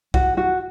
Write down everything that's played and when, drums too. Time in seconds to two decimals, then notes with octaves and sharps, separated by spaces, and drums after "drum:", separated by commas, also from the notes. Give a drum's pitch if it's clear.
0.14 F#4, drum: kick
0.37 F#4